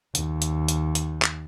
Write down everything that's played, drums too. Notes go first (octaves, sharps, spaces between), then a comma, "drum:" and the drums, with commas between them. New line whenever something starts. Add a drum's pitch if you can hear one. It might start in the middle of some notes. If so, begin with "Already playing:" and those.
D#2, drum: hi-hat
drum: hi-hat
drum: hi-hat
drum: hi-hat
drum: clap